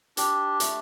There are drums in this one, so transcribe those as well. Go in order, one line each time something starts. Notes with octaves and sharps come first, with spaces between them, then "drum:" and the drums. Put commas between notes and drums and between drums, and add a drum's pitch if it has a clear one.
D4 G4, drum: hi-hat
A3, drum: hi-hat